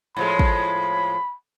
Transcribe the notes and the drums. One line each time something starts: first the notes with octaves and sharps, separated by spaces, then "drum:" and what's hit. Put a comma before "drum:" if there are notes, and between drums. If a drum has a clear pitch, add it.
A2 F3 G#3 B5
drum: kick